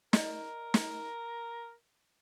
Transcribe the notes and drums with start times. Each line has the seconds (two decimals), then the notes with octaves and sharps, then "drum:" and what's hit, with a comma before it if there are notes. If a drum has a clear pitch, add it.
0.13 A#4 D5 D#5, drum: snare
0.74 drum: snare